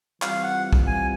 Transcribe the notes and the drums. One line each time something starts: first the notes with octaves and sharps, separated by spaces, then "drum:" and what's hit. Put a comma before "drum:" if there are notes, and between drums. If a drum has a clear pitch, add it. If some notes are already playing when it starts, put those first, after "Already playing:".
E3 G3 C4 F4 F5, drum: clap
F#5
drum: kick
G#5